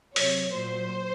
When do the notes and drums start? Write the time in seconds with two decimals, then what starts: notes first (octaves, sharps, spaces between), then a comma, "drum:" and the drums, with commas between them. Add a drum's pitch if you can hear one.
0.16 C3 F#3 C#5, drum: open hi-hat
0.52 A#2 F#3 C5